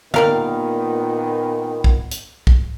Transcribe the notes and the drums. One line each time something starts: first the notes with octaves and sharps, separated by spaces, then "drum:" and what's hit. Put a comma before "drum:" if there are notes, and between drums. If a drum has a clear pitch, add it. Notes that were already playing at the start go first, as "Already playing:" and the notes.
A#2 D#3 G3 B3 A#4 F5, drum: tom
drum: kick
drum: hi-hat
drum: kick